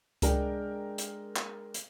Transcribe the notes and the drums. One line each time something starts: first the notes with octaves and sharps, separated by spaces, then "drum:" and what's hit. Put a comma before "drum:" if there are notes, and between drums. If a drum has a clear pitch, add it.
G#3 D4 A#4 G5, drum: kick C#2, hi-hat
drum: hi-hat
drum: clap
drum: hi-hat